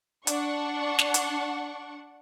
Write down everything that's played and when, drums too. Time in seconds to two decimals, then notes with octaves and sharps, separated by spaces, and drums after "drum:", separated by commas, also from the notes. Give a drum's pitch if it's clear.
0.27 D4 F#5 C#6, drum: hi-hat
0.99 drum: snare
1.14 drum: hi-hat